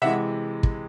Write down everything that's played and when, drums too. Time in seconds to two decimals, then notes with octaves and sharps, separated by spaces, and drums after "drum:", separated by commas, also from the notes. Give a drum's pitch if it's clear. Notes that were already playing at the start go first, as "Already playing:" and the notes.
0.02 C3 E3 G#3 E5 F#5
0.63 drum: kick